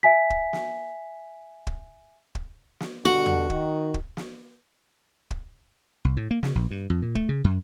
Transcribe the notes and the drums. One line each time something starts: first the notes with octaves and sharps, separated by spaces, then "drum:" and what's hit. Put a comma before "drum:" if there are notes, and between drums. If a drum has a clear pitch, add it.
E5 G#5 B6
drum: kick
drum: snare
drum: kick
drum: kick
drum: snare
G2 B2 D3 F#4 F#5
drum: tom E2
D#3, drum: kick
drum: kick
drum: snare
drum: kick
C2
A2
A#3
C#3, drum: snare
A#1
G2
F2
A#2
A3, drum: kick
C#3
F#2